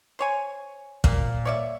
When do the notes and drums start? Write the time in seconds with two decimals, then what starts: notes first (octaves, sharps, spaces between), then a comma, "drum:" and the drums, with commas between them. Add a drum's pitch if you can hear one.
0.19 C5 C#5 G#5
1.04 A#2, drum: kick
1.45 C#5 D5 E5